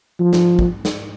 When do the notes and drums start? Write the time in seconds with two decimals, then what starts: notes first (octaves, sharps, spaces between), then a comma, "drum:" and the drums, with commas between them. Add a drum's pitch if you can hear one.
0.20 F3
0.33 drum: snare
0.59 drum: kick
0.85 drum: snare